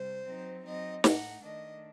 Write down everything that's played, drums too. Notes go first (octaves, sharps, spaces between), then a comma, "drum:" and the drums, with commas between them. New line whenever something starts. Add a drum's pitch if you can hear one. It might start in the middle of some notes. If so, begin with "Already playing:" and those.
Already playing: C3 G3 C5
F#3 C4 D#4
F#3 C4 D#4 D#5
A2 A3 D#4 F#5, drum: snare
D#3 A3 D4 D#5